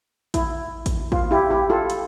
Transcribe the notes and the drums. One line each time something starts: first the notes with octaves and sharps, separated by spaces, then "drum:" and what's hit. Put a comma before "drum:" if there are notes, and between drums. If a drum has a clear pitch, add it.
E4, drum: kick A1, hi-hat
drum: kick A1, hi-hat
F4, drum: kick A1
E4 G4
E4 G4
F4 A4
drum: hi-hat